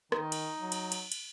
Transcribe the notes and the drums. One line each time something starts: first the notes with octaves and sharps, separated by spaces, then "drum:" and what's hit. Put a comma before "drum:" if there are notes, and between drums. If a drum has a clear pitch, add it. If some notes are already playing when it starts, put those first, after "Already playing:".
D#3 D#4, drum: rim click
drum: cymbal
F#3
drum: cymbal
drum: cymbal
drum: cymbal